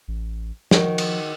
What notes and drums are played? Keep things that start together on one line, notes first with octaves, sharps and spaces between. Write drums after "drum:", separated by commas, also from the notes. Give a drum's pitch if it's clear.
A1
D#3 F3 F#4, drum: snare
drum: cymbal